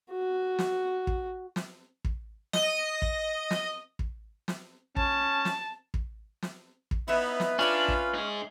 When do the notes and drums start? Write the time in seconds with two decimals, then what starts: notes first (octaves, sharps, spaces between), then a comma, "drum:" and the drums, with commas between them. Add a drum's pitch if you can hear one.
0.11 F#4
0.59 drum: snare
1.07 drum: kick
1.56 drum: snare
2.05 drum: kick
2.53 D#5, drum: snare
3.02 drum: kick
3.51 drum: snare
3.99 drum: kick
4.48 drum: snare
4.96 C#4 A5, drum: kick
5.45 drum: snare
5.94 drum: kick
6.42 drum: snare
6.91 drum: kick
7.08 B3 D#4 E4 B4 C#5 E5
7.40 drum: snare
7.59 C#4 D4 F4 B4 C#5 D5 G#5
7.88 drum: kick
8.14 D#4 G#4